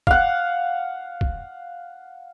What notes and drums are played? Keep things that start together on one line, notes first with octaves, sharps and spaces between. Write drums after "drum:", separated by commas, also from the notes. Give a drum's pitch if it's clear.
F5 F#5, drum: kick
drum: kick